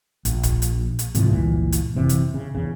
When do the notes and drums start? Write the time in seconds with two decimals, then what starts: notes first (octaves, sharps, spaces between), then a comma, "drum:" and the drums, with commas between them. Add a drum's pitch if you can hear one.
0.25 A#1, drum: hi-hat
0.43 drum: kick, hi-hat
0.62 drum: hi-hat
0.99 drum: hi-hat
1.15 G#2 C3 E3 F3, drum: hi-hat
1.28 G1 C#2 A#2 E3
1.72 drum: hi-hat
1.95 F#1 C3 E3
2.09 drum: hi-hat
2.34 C#3
2.55 E2 C#3